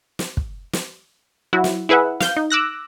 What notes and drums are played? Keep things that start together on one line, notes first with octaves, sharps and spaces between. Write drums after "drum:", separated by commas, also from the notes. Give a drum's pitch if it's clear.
drum: snare
drum: kick
drum: snare
F#3 E4 F#4
drum: snare
E4 G#4 B4 E5 F#5
F5 G6, drum: snare
D#4
D6 E6 F#6 A#6